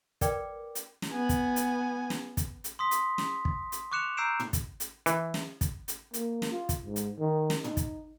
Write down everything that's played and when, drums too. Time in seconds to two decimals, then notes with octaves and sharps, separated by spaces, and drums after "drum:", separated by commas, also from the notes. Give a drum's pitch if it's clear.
0.21 A#4 B4 D5 G5 D6, drum: kick, hi-hat
0.75 drum: hi-hat
1.02 drum: snare
1.12 B3 G#5
1.29 drum: kick, hi-hat
1.56 drum: hi-hat
2.10 drum: snare
2.37 drum: kick, hi-hat
2.64 drum: hi-hat
2.79 C6 D#6 B6
2.91 drum: hi-hat
3.18 drum: snare
3.45 drum: kick
3.72 drum: hi-hat
3.92 C#6 D6 F#6 C#7 E7 F7
4.17 A#5 E6 G6 C7 D7 E7
4.40 drum: tom
4.53 drum: kick, hi-hat
4.80 drum: hi-hat
5.06 E3, drum: hi-hat
5.34 drum: snare
5.61 drum: kick, hi-hat
5.88 drum: hi-hat
6.14 A#3, drum: hi-hat
6.42 drum: snare
6.52 F4
6.69 drum: kick, hi-hat
6.86 G#2
6.96 drum: hi-hat
7.19 D#3
7.50 drum: snare
7.64 D#4, drum: tom
7.77 drum: kick, hi-hat